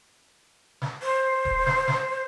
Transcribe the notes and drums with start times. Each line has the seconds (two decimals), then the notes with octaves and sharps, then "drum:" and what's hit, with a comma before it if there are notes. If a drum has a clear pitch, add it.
0.82 drum: snare
1.03 C5
1.45 drum: kick
1.66 drum: snare
1.88 drum: snare